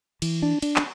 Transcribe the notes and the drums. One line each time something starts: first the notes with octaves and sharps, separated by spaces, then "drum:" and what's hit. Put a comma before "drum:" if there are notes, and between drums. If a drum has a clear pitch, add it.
E3, drum: cymbal
D4
D4, drum: cymbal
drum: clap